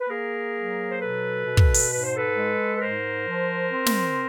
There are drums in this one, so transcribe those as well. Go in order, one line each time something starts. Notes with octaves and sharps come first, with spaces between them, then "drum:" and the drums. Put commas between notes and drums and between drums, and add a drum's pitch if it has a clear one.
B4
A#3 G#4 A#4
F#3
C5
B2 A4 B4
B2
drum: kick
drum: open hi-hat
G#2 B4
C5
A4 B4
G#3
B4
G#2 A#4 C5
F3
C4
drum: snare